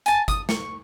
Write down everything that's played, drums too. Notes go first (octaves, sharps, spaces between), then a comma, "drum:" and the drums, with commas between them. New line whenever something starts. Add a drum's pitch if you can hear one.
G#5 A5, drum: hi-hat
D#6, drum: kick G1, hi-hat
C#6, drum: snare